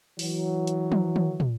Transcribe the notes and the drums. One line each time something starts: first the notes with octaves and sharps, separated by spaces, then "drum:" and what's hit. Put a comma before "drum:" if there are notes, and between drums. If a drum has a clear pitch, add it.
E3 F#3, drum: open hi-hat
drum: hi-hat
drum: tom
drum: tom
drum: tom